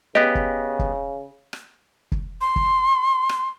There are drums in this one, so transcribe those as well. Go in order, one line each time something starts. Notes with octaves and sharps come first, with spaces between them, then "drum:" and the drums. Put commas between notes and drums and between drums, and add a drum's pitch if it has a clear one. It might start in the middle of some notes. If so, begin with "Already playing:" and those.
C#3 B3 G4 D#5
drum: kick
drum: kick
drum: rim click
drum: kick
C6
drum: kick
drum: rim click